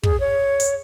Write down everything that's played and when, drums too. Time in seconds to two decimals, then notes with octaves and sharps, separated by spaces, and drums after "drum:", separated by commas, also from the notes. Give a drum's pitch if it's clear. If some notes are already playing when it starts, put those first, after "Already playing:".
0.03 G#4, drum: kick
0.20 C#5
0.60 drum: hi-hat